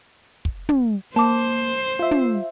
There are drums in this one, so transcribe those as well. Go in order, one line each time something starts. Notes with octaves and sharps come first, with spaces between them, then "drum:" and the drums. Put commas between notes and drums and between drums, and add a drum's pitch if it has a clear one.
drum: kick
drum: tom
A#3 C5 A5 D6
F4 E5
drum: tom